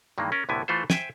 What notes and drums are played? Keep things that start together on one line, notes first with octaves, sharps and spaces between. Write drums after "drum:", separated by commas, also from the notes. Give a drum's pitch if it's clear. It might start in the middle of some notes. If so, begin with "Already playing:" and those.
G2 D#3 E3 G#3 A#3
C#4 A#4
C2 A2 D3 B3 E4 G#5
E3 A3 F4 A4 C5
C5 E5 G5 G#5, drum: snare